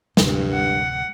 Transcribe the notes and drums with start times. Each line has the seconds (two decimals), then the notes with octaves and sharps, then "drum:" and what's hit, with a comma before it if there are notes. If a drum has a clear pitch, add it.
0.17 D1 D2 G2 C3, drum: snare
0.53 F#5